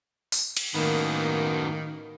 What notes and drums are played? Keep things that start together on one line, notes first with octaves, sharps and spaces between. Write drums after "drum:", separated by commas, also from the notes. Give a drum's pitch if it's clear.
drum: open hi-hat
drum: cymbal
F#2 A2 D#3 A#3 B3